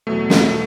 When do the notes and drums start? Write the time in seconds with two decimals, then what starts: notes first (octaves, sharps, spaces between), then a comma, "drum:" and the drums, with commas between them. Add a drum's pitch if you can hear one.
0.07 E2 B2 F#3 A3
0.30 A3, drum: snare
0.50 B2